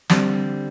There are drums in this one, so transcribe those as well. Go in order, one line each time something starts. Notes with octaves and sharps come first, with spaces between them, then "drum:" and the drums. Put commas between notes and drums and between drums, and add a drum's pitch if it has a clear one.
D3 G3 C4, drum: snare